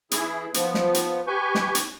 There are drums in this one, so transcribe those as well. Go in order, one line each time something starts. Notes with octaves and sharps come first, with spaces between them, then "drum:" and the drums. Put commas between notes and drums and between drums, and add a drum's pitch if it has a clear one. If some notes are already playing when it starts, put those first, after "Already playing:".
E3 E4 G#4, drum: hi-hat
F3 B3, drum: hi-hat
drum: snare
drum: hi-hat
G4 B4 G#5 C#6 G6
drum: snare
drum: hi-hat